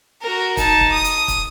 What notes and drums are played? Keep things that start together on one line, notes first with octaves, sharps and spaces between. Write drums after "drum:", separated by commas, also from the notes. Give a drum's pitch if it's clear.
F#4 A#4
D#4 A5, drum: kick, hi-hat
drum: kick
D#6
drum: hi-hat
drum: kick, hi-hat